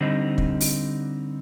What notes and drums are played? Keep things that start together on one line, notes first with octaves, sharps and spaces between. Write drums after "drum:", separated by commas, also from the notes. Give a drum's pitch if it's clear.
D3 G3 C4 D#4
drum: kick
drum: open hi-hat